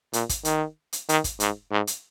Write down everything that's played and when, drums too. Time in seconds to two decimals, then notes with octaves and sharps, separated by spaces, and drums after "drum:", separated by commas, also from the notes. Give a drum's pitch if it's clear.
0.13 A#2, drum: hi-hat
0.29 drum: kick, hi-hat
0.45 D#3, drum: hi-hat
0.93 drum: hi-hat
1.09 D#3, drum: hi-hat
1.24 drum: kick, hi-hat
1.40 G#2, drum: hi-hat
1.71 G#2
1.87 drum: hi-hat